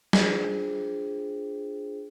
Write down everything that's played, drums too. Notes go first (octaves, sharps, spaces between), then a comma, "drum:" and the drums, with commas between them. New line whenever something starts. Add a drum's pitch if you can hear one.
D4 F4 G#4 C5 G5, drum: snare